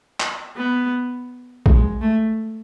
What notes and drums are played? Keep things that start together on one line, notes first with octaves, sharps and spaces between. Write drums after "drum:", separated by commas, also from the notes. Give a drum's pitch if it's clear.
drum: clap
B3
G#3, drum: kick A#1
A3